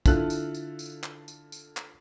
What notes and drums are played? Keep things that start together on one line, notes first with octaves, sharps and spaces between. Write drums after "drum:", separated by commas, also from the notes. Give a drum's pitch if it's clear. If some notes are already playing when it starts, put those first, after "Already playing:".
D3 E4 F4 A4 F#6, drum: kick, tambourine
drum: tambourine
drum: tambourine
drum: tambourine
drum: clap
drum: tambourine
drum: tambourine
drum: clap